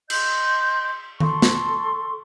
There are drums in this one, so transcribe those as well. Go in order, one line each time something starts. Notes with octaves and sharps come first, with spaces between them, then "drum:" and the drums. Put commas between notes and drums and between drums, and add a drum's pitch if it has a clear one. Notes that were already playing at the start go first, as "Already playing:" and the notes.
D#5 C6 G6, drum: cymbal
A4 C6 C#6, drum: tom D#3
drum: snare